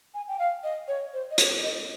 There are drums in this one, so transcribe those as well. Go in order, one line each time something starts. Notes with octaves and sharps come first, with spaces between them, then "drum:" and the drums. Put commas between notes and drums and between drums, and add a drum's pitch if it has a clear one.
G#5
G5
F5
D#5
C#5
C5
D#5
C#5, drum: hi-hat
D#5